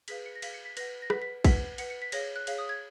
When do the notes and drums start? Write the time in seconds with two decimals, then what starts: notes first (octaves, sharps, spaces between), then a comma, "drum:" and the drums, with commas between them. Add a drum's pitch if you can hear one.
0.08 G#4 B4 F5 B6, drum: cymbal
0.26 C#7
0.36 A#6
0.42 G#4 B4 F5 B6, drum: cymbal
0.54 C#7
0.65 B6
0.77 B4 F#5 A#6, drum: cymbal
1.02 A#6
1.10 B4 F#5 B6, drum: rim click
1.22 B6
1.44 B4 F#5 B6, drum: kick, cymbal
1.78 B4 F#5 C#7, drum: cymbal
1.90 C#7
2.02 B6
2.12 G#4 C#5 F5 A#6, drum: cymbal
2.36 F#6
2.47 G#4 C#5 F5, drum: cymbal
2.58 D#6
2.69 G#6